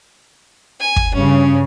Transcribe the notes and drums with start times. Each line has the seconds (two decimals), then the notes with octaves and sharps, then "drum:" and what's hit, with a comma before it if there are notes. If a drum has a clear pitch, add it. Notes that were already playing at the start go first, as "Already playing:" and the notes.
0.80 G#5
0.96 drum: kick
1.14 G2 C#3 C#4